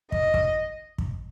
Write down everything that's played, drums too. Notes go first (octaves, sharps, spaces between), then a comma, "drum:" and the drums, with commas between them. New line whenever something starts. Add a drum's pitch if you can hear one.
D#5, drum: kick
drum: kick
drum: kick